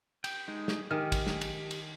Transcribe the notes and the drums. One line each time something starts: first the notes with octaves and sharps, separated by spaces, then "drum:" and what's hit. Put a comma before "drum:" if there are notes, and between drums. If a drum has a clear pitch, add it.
G5, drum: cymbal
G#3 D#4
drum: snare
D#3 G4 G#5 F6
drum: kick, cymbal
drum: snare
drum: cymbal
drum: cymbal